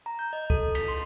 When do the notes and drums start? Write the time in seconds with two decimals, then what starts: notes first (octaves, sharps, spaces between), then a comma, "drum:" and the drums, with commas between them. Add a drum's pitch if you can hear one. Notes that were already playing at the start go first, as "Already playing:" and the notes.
0.06 A#5
0.19 G6
0.33 D#5
0.50 A4, drum: kick C#2
0.75 B6, drum: cymbal
0.88 C6